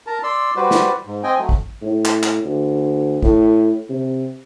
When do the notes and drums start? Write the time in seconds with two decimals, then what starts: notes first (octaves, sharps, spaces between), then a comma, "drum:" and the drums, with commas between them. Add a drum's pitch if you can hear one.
0.07 A#4 A5 A#5
0.23 D5 C6 E6
0.56 G3 F#4 B4 C5 D5
0.71 drum: snare
1.06 G#2
1.24 C4 D#5 G5 G#5
1.38 F#3 A3
1.49 drum: kick
1.82 A2
2.05 drum: clap
2.23 drum: clap
2.44 D2
3.23 A2, drum: kick
3.89 C3